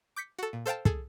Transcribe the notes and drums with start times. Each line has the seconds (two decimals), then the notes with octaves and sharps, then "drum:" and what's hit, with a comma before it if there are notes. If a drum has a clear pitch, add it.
0.16 D6 G6 B6 C#7
0.39 F#4 A4
0.53 A#2
0.66 A4 C5 F5 G5 A5
0.85 G#4 A4, drum: kick